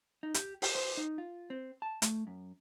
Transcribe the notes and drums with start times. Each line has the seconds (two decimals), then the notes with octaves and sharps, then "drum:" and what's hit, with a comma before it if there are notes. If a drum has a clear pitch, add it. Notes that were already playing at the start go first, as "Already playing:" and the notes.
0.23 D#4
0.34 G4, drum: hi-hat
0.62 G4, drum: open hi-hat
0.75 C5
0.97 D#4
1.18 F4
1.50 C4
1.82 A5
2.02 A3, drum: hi-hat
2.27 F#2